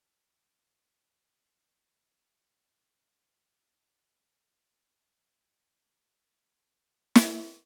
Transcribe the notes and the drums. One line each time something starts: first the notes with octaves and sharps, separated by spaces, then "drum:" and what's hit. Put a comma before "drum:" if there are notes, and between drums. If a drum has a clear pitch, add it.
B4
E3
C#6
F#2
G3
C7
D#4
E3
A2
D#5
G4
D#4
G#4
G3
B4
G5
D#4
G5
D#4
G#4
A#3 E5
drum: snare